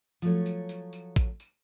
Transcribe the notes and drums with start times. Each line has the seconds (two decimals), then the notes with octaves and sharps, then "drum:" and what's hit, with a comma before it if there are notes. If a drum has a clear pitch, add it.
0.22 F3 F#3 A3 C#5, drum: tambourine
0.46 drum: tambourine
0.69 drum: tambourine
0.93 drum: tambourine
1.16 drum: kick A1, tambourine
1.40 drum: tambourine